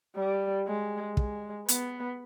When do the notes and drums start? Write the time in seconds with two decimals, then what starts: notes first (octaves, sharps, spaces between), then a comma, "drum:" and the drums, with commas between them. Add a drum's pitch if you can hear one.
0.16 G3
0.67 G#3
1.17 G#3, drum: kick
1.68 B3, drum: hi-hat